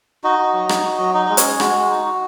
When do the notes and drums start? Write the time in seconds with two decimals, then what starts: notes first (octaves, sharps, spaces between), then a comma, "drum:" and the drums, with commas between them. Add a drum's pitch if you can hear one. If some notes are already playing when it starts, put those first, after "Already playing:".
0.24 D#4 F#4 D#5
0.39 F#4
0.54 F#3
0.69 D#4, drum: rim click
0.84 F#4
0.99 F#3
1.14 D#4 D#5
1.26 G#3 D#5
1.37 C#4 C#5, drum: hi-hat
1.45 G#3
1.60 G#3 F#4, drum: rim click
1.75 G#3
1.90 D#4
2.05 F#4